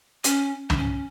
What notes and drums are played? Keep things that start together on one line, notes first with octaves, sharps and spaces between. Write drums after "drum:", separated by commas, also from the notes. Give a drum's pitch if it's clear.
C#4, drum: hi-hat
D4, drum: tom
C#4